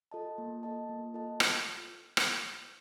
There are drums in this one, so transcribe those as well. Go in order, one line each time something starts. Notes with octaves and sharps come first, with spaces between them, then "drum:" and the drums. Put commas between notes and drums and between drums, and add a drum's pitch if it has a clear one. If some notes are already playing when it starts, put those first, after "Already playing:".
F4 A4 D#5 A5
A#3
F4 A4 D#5 A5
A#3
F4 A4 D#5 A5
F4, drum: rim click
drum: rim click